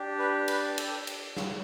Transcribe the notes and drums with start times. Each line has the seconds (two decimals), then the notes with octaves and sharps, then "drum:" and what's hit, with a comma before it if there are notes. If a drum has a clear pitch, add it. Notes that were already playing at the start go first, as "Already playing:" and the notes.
Already playing: D4 G4
0.19 B4
0.48 B4, drum: cymbal
0.78 A4, drum: cymbal
1.07 drum: cymbal
1.37 drum: snare